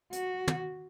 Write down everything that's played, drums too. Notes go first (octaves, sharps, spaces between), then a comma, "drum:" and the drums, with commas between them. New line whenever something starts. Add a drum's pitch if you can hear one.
F#4, drum: hi-hat
drum: tom